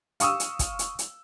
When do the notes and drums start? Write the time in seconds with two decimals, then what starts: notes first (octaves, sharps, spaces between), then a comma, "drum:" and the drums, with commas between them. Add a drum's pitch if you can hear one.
0.20 F5 C#6 D#6 E6, drum: hi-hat
0.40 drum: hi-hat
0.59 drum: kick, hi-hat
0.79 drum: hi-hat
0.99 drum: hi-hat